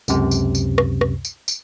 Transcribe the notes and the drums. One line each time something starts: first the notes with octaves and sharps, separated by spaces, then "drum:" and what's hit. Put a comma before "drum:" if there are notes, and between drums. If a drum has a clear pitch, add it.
C#2 F#2 C3, drum: tambourine
drum: tambourine
drum: tambourine
drum: rim click
drum: rim click
drum: tambourine
drum: tambourine